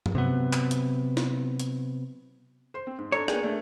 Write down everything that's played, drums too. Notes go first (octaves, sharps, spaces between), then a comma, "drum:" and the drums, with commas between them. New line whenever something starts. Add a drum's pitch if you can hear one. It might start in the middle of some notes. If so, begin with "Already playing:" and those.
drum: tom G2
C3 F#3 B3
drum: clap
drum: hi-hat
drum: snare
drum: hi-hat
C5 C6
C4
G#2
D4 A4 C#5 A#5
A#3 B3 D4 G#4, drum: rim click
A3 D4 A#4